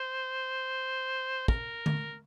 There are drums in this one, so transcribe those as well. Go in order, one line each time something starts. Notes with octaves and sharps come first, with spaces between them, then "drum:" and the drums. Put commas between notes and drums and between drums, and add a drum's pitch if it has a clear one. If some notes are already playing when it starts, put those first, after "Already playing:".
Already playing: C5
A#4, drum: kick
drum: tom D3